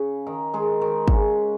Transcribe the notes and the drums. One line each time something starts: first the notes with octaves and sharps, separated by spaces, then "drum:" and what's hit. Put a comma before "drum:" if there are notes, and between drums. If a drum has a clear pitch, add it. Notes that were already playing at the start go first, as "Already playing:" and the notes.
Already playing: C#3
D#3
D#3 G#3
D#3
C#3, drum: kick